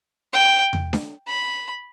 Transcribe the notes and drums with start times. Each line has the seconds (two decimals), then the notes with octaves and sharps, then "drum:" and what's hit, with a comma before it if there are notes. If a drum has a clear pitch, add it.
0.33 G5
0.73 drum: tom E2
0.93 drum: snare D4
1.27 B5